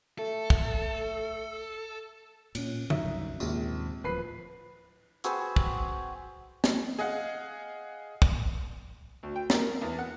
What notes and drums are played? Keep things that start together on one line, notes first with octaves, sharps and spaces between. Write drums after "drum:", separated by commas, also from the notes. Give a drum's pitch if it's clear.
A3 A4
drum: kick
A#2 C#4, drum: cymbal
F#2 D#4 E5, drum: tom
C2 F#2
A#1 D#2 G#2 C3, drum: tambourine
D1 F3 B4 B5 C7
C4 F#4 G#4 B4, drum: hi-hat
drum: kick
drum: snare
G#4 D#5 F5 F#5
drum: kick
D2
G5
A#3, drum: snare
A#4
E2
F#5